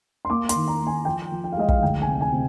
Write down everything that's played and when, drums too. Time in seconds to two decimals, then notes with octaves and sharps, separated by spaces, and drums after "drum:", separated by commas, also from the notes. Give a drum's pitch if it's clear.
0.25 C6
0.29 A#3 D6
0.49 C6, drum: hi-hat
0.56 D#3
0.68 A#5
0.81 A#3
0.87 G#5
1.05 F3 G5
1.32 F3
1.44 G5
1.52 F5
1.57 G#3 D#5
1.68 F5, drum: kick
1.83 D2 G5
2.02 G#5
2.07 C3
2.21 G#5
2.33 C3